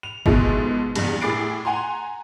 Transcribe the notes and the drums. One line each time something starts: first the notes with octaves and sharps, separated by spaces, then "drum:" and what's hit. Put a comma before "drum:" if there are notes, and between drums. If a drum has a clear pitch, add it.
F7
G#2 B2 F3 G#3 A3, drum: kick
E2 G2, drum: cymbal
A2 G#4 D6 A6 C7 D7
F#5 G#5 A#5 C6